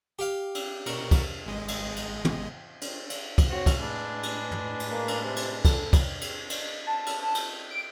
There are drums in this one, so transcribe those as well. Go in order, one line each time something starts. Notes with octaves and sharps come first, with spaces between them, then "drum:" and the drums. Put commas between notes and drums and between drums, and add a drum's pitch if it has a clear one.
G4 F5
drum: cymbal
B2 A#4 C#6, drum: cymbal
drum: kick, cymbal
G#1 G#3 D#5
drum: cymbal
drum: cymbal
drum: tom
drum: cymbal
drum: cymbal
drum: kick, cymbal
C4 F#4 C#5
drum: kick, cymbal
A2 G#3 D4 B4
drum: cymbal
drum: tom
drum: cymbal
A#3
drum: cymbal
C3
drum: cymbal
A4, drum: kick, cymbal
drum: kick, cymbal
drum: cymbal
drum: cymbal
A5
drum: cymbal
drum: cymbal
D7